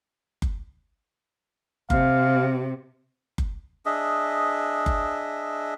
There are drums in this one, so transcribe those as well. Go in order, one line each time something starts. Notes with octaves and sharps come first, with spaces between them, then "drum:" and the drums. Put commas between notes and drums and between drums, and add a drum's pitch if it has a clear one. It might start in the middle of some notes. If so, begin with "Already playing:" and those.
drum: kick F#1
C3 F5, drum: kick F#1
drum: kick F#1
D4 G#4 D#5 E5
drum: kick F#1